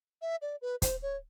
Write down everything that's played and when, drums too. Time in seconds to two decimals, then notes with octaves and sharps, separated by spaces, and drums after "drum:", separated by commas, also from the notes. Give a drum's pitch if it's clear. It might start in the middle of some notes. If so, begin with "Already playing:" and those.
0.22 E5
0.42 D5
0.62 B4
0.82 C5, drum: kick, hi-hat
1.02 C#5